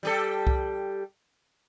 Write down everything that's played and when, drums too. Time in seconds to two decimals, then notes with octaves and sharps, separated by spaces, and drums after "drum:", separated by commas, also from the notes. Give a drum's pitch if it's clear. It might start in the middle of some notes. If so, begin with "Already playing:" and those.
0.03 G3 G4 A4
0.47 drum: kick C2